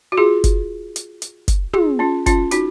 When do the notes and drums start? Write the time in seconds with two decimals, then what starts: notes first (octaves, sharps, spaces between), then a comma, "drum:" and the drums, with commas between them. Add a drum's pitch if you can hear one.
0.12 F#4
0.18 F4 G#4
0.44 drum: kick, hi-hat
0.96 drum: hi-hat
1.22 drum: hi-hat
1.48 drum: kick, hi-hat
1.73 F4 G#4, drum: tom
1.99 C#4 F4
2.26 C#4 F4, drum: kick, hi-hat
2.51 D#4 F#4, drum: hi-hat